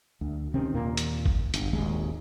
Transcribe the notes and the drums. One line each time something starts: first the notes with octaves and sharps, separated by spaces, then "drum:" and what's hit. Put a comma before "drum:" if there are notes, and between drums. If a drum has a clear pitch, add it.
D2
C3 D#3 C4 C#4
D#2 A#2 A#3
drum: hi-hat
drum: kick
G1, drum: hi-hat
D#1 G#1 D#2 G#3